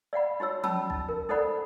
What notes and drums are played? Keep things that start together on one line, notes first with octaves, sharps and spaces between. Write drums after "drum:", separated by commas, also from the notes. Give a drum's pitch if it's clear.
D5 F5 F#5 B5
D#4 F#4 C#5 E6
C#4 A5 B5 E6, drum: tom F3
D#4, drum: kick
A#4
D#4 A4 C5 D5 F#5 B5